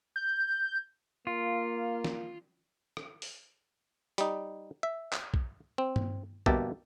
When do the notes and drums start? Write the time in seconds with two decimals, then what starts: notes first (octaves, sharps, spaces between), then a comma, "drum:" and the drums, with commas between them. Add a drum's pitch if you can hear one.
0.16 G6
1.27 A#3 F4
2.04 drum: snare
2.97 drum: rim click
3.22 drum: open hi-hat
4.18 G3 D#4, drum: hi-hat
4.83 E5
5.13 drum: clap
5.34 drum: kick A#1
5.78 C4
5.96 drum: tom G2
6.46 G1 B2 A#3 G4 E5 A5, drum: kick A#1